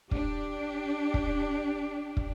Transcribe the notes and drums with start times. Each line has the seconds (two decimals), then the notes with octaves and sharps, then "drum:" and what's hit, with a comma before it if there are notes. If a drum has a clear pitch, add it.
0.11 D4 G4, drum: kick
1.14 drum: kick
2.17 drum: kick